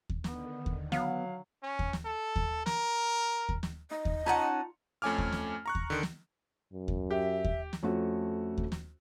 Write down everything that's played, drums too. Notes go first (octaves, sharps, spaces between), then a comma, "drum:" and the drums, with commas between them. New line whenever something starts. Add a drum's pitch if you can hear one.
drum: kick D#2
D3 D#3 B3, drum: snare
drum: kick D#2
F#3 B3 F5, drum: snare
C#4
drum: kick D#2
drum: snare
A4
drum: kick D#2
A#4, drum: snare
drum: kick D#2
drum: snare
D#4 D#5
drum: kick D#2
C#4 D#4 F4 F#5 A5 A#5
F2 A3 C#4 G#5 D6 F6
drum: kick D#2
drum: snare
A#5 C#6 F#6
drum: kick D#2
D3 D#3
drum: snare
F#2
drum: kick D#2
G4 E5
drum: kick D#2
drum: snare
F2 A3 C#4 F#4
drum: kick D#2
drum: snare